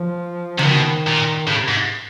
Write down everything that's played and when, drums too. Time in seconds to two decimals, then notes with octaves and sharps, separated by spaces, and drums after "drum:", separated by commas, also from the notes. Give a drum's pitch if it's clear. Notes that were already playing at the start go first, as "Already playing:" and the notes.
Already playing: F3
0.59 C3, drum: tom C#3
0.65 B2 D#3
1.07 A#2
1.47 A2 C#3
1.58 C3
1.68 G#2